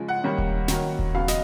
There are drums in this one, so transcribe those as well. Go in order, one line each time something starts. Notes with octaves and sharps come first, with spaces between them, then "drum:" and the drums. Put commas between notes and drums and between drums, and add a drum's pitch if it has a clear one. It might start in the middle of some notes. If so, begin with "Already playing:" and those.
Already playing: C#3 F3 G#3
F#5
D#3 G3 A#3 C#4
drum: kick D#1
D#3 F#3 A#3 C#4, drum: snare
drum: kick D#1
C#3 F#3 B3 F5
D#5, drum: snare